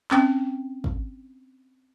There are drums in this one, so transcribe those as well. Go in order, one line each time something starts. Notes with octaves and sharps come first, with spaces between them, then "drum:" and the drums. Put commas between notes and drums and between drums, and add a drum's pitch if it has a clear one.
C4 C#4 G5, drum: clap
drum: kick